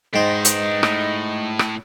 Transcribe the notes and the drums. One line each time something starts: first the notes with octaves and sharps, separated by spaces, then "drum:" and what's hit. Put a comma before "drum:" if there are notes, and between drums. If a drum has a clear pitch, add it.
G#2 D#4 B4 C5 G5
drum: hi-hat
A2, drum: rim click
drum: rim click